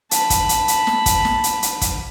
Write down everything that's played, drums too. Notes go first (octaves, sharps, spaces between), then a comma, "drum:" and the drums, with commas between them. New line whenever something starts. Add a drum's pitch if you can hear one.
A5 B5, drum: hi-hat
drum: kick, hi-hat
drum: hi-hat
drum: hi-hat
drum: snare
drum: kick, hi-hat
drum: snare
drum: hi-hat
drum: hi-hat
drum: kick, hi-hat